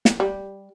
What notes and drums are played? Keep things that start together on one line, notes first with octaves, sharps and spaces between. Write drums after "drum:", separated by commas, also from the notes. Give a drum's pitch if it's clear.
drum: snare
G3